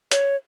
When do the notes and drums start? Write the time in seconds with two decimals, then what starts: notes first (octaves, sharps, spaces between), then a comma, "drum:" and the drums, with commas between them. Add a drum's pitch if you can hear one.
0.11 C#5, drum: hi-hat